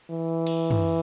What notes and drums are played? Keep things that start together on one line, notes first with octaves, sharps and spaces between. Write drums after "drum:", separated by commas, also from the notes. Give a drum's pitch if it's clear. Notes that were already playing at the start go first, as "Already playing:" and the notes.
E3
drum: cymbal
drum: tom